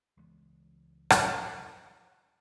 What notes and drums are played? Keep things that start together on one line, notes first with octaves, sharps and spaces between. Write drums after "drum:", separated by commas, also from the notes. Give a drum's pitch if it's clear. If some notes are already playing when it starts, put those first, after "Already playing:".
C#2 E3 G#3 B3
drum: rim click